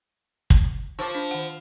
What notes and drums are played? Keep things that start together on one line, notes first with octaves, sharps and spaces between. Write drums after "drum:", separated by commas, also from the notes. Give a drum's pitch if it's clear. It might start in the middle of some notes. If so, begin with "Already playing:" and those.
drum: kick
F3 C#6 D6
D4
D#3 F#5